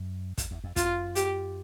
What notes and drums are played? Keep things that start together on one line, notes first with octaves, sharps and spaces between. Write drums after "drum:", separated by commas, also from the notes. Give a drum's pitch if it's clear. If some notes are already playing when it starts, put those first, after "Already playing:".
Already playing: F#2
F2, drum: kick, hi-hat
E2
F2
F#2 F4, drum: kick, hi-hat
G4, drum: hi-hat